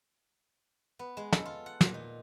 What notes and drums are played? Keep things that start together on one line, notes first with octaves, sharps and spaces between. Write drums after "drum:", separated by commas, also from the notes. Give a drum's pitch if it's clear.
B3
G#3
A4, drum: snare
F4
F#5
A#2, drum: snare
D#4